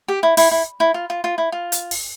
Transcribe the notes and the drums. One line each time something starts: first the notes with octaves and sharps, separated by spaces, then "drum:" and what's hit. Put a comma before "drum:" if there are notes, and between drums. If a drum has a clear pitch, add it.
G4
E4
E4, drum: open hi-hat
E4
E4
F4
F4
F4
E4
F4
drum: hi-hat
drum: open hi-hat